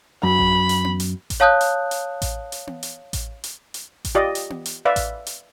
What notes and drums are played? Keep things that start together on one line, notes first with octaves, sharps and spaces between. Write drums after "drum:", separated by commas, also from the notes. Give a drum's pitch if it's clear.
F#2 B5
drum: kick A1
drum: hi-hat
drum: tom B3
drum: hi-hat
drum: kick A1, hi-hat
C#5 F5 A5 D#6 F#6 G6
drum: hi-hat
drum: hi-hat
drum: kick A1, hi-hat
drum: hi-hat
drum: tom B3
drum: hi-hat
drum: kick A1, hi-hat
drum: hi-hat
drum: hi-hat
drum: kick A1, hi-hat
F4 G4 D5 D#5
drum: hi-hat
drum: tom B3
drum: hi-hat
B4 D5 E5 F5
drum: kick A1, hi-hat
drum: hi-hat